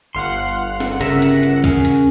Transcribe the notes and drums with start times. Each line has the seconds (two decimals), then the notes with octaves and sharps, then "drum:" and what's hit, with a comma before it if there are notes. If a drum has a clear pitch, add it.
0.15 G1 F5 F#5 C6
0.80 drum: snare
1.01 C#3 A#4 E5, drum: hi-hat
1.22 drum: hi-hat
1.43 drum: hi-hat
1.64 C#4 G#4 A#4, drum: kick, open hi-hat
1.85 drum: hi-hat